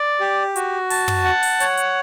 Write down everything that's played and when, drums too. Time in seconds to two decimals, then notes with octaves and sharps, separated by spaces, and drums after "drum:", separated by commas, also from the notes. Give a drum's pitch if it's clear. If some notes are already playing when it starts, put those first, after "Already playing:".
Already playing: D5
0.20 G4
0.56 F#4, drum: hi-hat
0.90 A5, drum: open hi-hat
1.08 drum: tom
1.25 F#5
1.43 drum: open hi-hat
1.60 C#5, drum: hi-hat
1.78 drum: hi-hat